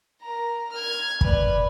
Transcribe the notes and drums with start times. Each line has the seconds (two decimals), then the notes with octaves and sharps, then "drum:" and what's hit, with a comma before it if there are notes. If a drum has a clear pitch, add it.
0.21 A#4 A#5
0.72 F6 G#6
1.21 B4 D5, drum: kick